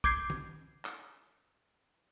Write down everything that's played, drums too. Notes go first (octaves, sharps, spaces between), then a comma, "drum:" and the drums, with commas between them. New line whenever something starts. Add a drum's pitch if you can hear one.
D6 G6 G#6 C7, drum: kick
drum: tom
drum: clap